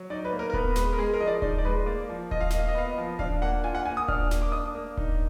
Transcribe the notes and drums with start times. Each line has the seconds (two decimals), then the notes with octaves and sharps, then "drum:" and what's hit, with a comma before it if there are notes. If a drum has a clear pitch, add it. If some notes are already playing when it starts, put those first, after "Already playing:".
Already playing: F#3
0.10 D#4 D5
0.25 B4
0.32 A#3
0.39 A#4
0.50 A#4
0.53 B3 B4, drum: kick D#1
0.76 G#3 B4, drum: snare
0.93 A#4
0.98 G#3 G#4
1.14 A#4
1.20 F3 D#5
1.27 D5
1.42 D#4 D5, drum: kick D#1
1.58 D5
1.65 G#3 B4
1.86 A#3 D5
2.09 F3
2.31 F4 D#5, drum: kick D#1
2.41 F5
2.50 A#3 D#5, drum: snare
2.59 F5
2.68 D#5
2.75 B3 F5
2.87 D#5
2.98 F3
3.19 D4 F5, drum: kick D#1
3.42 A#3 F#5
3.64 F4 G#5
3.75 F#5
3.86 A#3 G#5
3.97 D#6
4.08 D4 F6, drum: kick D#1
4.31 A#3, drum: snare
4.42 D6
4.52 D4 D#6
4.75 A#3
4.97 D#4, drum: kick D#1